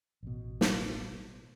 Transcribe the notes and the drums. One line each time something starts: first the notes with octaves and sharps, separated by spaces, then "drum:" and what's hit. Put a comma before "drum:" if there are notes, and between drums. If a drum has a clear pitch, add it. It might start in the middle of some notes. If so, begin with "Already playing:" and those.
A1 B2
drum: snare